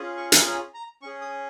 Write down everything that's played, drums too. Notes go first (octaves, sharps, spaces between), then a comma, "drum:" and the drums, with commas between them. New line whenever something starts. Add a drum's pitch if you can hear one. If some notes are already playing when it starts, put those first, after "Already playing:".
Already playing: C#4 F4 G#4
C#6
drum: hi-hat
A#5
A#5
C#4 G#4 C#6
D#6